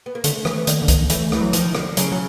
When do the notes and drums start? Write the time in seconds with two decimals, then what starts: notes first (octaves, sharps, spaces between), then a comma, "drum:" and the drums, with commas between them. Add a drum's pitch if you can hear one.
0.06 B3
0.15 A#3
0.24 D3 A3, drum: hi-hat
0.45 E3, drum: rim click
0.56 B3
0.67 D#3 A#3, drum: hi-hat
0.82 D3
0.88 D#3, drum: kick C2, hi-hat
1.10 E3 A3, drum: hi-hat
1.32 E3, drum: rim click
1.41 F#3
1.53 D#3 F3, drum: hi-hat
1.75 D3, drum: rim click
1.97 C#3 F#3, drum: hi-hat
2.12 F#3